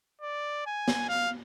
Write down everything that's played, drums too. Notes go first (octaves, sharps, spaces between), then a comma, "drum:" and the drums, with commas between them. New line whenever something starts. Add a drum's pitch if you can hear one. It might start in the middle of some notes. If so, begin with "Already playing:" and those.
D5
G#5
drum: snare
F5